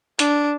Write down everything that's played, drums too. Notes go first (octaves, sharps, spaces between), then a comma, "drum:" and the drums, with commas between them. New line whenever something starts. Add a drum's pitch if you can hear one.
D4, drum: hi-hat